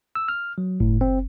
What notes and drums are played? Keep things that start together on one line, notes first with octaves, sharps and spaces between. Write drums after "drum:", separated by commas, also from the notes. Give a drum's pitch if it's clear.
E6
F6
F#3
A2, drum: kick F#1
C4